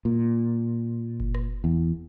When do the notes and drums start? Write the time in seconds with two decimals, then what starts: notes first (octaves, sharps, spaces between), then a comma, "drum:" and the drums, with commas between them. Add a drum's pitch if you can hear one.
0.05 A#2
1.20 drum: kick F#1
1.35 drum: rim click
1.64 E2